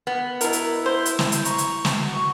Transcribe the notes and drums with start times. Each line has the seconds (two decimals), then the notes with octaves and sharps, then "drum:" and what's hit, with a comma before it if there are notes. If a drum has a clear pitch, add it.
0.07 B3
0.41 B2 E4 A#4, drum: hi-hat
0.53 drum: hi-hat
0.86 C5
1.06 drum: hi-hat
1.19 drum: snare
1.32 drum: hi-hat
1.45 A#5 C#6, drum: hi-hat
1.58 drum: hi-hat
1.85 drum: snare
2.04 F#4 C#6